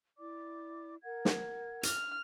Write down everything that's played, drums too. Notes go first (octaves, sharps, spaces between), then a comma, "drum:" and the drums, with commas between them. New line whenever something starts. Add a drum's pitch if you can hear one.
E4 D5 D6
A#4 F#5 G#6
drum: snare
F6, drum: hi-hat